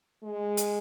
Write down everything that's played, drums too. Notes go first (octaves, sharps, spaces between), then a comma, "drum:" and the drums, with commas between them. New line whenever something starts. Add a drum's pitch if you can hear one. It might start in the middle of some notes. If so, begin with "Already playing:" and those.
G#3
drum: hi-hat